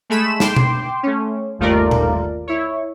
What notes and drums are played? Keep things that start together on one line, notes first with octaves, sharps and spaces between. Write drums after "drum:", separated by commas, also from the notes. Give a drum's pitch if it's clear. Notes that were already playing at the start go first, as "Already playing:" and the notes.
G#3 A3 B5 E7
G5 C6 D6, drum: snare
drum: tom B2
A3 C#4
G1 D#2 A3 F4 A#4 D5
drum: tom A#2
E4 C#5